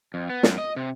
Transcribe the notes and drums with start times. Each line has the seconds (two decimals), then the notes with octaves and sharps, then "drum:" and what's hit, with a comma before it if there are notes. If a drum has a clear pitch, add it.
0.14 F2
0.30 B3
0.43 F#2, drum: snare
0.58 D#5
0.76 C3